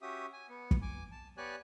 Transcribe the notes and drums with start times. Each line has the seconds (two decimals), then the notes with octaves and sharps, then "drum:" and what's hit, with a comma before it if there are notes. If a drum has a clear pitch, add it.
0.02 C#4 F#4 G4 E5 D#6
0.33 G#5
0.49 B3
0.71 drum: kick
0.82 G#5 D6
1.11 A5
1.38 B3 G4 C#5 D5 G#5 F#6